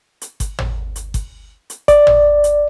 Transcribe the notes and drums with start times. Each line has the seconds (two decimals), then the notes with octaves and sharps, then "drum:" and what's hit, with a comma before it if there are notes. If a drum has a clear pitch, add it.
0.21 drum: hi-hat
0.40 drum: kick G1, hi-hat
0.59 drum: tom
0.96 drum: hi-hat
1.14 drum: kick G1, hi-hat
1.70 drum: hi-hat
1.88 D5, drum: kick G1, hi-hat
2.07 drum: tom
2.44 drum: hi-hat